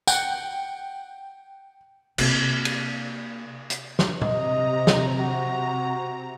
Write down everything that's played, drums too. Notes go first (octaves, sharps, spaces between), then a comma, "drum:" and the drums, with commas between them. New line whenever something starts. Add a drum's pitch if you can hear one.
F#5 G5, drum: tambourine
C3 A#3, drum: cymbal
drum: cymbal
drum: hi-hat
drum: snare
C3 D#5 A#5, drum: tom A#2
drum: snare
F#4